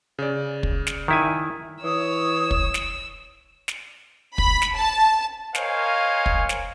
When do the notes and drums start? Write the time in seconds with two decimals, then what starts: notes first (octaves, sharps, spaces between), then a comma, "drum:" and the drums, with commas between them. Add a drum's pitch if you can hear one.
0.19 C#3 D5
0.63 drum: kick
0.87 drum: snare
1.08 D#3 E4 G#5
1.84 E3 C#5 D#6 E6
2.51 drum: kick
2.74 drum: snare
3.68 drum: snare
4.38 B5, drum: kick
4.62 drum: snare
4.75 A5
5.55 A#4 C5 C#5 D#5 F5 G#5, drum: snare
6.26 drum: kick
6.49 drum: snare